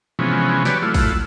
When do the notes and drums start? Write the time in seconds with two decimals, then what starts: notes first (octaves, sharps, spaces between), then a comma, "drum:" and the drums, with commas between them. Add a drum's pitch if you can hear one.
0.19 C3 E3 F3 G#3 B3 C#4
0.65 F#4 G4 B4 C#5 D5, drum: snare
0.82 F#3 A3 E4 F4
0.94 drum: kick, open hi-hat